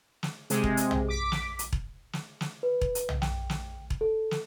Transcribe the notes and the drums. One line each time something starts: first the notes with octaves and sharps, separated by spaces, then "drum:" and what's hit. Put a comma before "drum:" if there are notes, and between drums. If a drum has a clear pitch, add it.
drum: snare
C3 G#3, drum: hi-hat
drum: kick E1
drum: hi-hat
drum: tom
D6 B6
drum: snare
drum: hi-hat
drum: kick E1
drum: snare
drum: snare
B4
drum: kick E1
drum: hi-hat
drum: tom
G5, drum: snare
drum: snare
drum: kick E1
A4
drum: snare